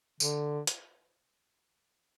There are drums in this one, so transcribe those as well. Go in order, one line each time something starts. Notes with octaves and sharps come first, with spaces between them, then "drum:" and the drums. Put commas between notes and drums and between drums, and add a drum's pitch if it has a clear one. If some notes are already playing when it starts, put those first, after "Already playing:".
D3, drum: tambourine
drum: hi-hat